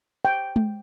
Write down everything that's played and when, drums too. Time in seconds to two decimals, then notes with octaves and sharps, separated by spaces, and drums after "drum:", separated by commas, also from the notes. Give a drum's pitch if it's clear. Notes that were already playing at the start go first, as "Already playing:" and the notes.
0.25 G5
0.56 drum: tom G#3